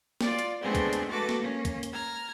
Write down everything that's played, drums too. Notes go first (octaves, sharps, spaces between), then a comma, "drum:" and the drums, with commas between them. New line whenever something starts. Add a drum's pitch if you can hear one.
F4 D5, drum: snare
drum: hi-hat
G#3 A3 B3 C4 D4 G#4
drum: kick, hi-hat
drum: hi-hat
A3 F#4 A4 B4 D6
drum: snare
A#3 C#4
drum: kick, hi-hat
drum: hi-hat
A#5 F6 G#6